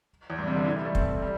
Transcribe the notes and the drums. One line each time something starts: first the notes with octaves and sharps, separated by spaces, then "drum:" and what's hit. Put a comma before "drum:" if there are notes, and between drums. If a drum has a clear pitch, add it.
E2
G2
C3
D3
E3
G3
A3
C4, drum: kick
G3